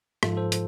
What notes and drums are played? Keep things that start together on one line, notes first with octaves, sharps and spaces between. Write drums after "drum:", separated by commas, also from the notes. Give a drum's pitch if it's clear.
G#2 F3 F4 A4, drum: rim click
A4 C5
drum: hi-hat